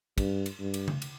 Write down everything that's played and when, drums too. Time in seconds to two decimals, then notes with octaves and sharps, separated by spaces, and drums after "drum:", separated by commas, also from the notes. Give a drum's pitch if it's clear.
0.18 G2, drum: kick, cymbal
0.46 drum: cymbal
0.60 G2
0.74 drum: cymbal
0.88 drum: tom C#3
1.02 drum: cymbal